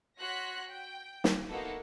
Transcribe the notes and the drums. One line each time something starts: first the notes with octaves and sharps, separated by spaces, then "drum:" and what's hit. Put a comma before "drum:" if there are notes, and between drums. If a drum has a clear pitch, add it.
F#4 C#5 C6 F#6 A#6 B6
G5
drum: snare
A#3 B3 D#4 E4 F#4 A4